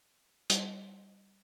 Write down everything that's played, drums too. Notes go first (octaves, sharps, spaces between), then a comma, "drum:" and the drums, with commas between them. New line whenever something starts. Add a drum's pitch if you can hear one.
G3, drum: hi-hat